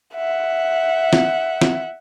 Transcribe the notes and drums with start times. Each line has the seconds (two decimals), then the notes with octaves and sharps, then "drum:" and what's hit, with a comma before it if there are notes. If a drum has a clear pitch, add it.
0.15 E5 F#5
1.13 drum: snare
1.61 drum: snare